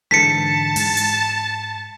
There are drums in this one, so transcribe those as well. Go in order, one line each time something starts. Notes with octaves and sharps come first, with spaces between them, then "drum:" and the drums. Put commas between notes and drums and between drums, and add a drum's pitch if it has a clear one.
G#2 D3 E3 A5 B6 C#7
G#2, drum: open hi-hat
drum: hi-hat